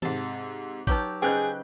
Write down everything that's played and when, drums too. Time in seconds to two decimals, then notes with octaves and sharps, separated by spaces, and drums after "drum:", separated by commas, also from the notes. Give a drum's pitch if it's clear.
0.02 G#2 C3 A5, drum: tom D#3
0.87 F#3 D#4 G4 B4 C#5, drum: kick
1.22 C#3 G#4 B4 C5 D#5 G5 F#6 G6